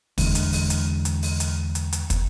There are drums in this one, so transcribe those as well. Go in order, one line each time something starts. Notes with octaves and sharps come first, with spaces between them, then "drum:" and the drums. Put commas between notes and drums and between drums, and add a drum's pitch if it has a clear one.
E2 D3 E3 G#3, drum: kick, open hi-hat
drum: hi-hat
drum: open hi-hat
drum: hi-hat
drum: hi-hat
drum: open hi-hat
drum: hi-hat
drum: hi-hat
drum: hi-hat
drum: kick, hi-hat